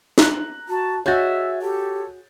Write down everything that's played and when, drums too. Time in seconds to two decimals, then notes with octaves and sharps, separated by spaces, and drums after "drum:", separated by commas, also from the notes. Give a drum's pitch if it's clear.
0.18 A#5 F#6, drum: snare
0.69 F#4 A5
1.06 F#4 G#4 C#5 D#5 E5 G6 A6
1.62 G4 A4